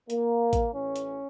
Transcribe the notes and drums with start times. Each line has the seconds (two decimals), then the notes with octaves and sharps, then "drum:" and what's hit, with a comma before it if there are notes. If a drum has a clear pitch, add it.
0.10 A#3, drum: hi-hat
0.53 drum: kick, hi-hat
0.74 A1 A2 E3 C#4
0.96 drum: hi-hat